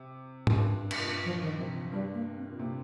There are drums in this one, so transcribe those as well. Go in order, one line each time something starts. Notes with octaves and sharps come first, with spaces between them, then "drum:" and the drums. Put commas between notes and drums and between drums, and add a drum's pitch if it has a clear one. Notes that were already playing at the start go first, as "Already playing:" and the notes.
Already playing: C3
A#2, drum: tom G#2
G2
G2, drum: cymbal
A#2
G2
A#2 F3
D#3
C3 F3
F3
G2 G3
A#3
C4
A#2
C3 A#3